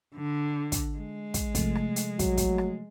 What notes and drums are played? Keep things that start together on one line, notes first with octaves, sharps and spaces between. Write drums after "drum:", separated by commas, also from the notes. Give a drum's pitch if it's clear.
D3
drum: kick, hi-hat
G#3
drum: kick, hi-hat
C3 F3 A3, drum: kick, hi-hat
drum: rim click
drum: hi-hat
F#3, drum: kick, hi-hat
drum: kick, hi-hat
drum: rim click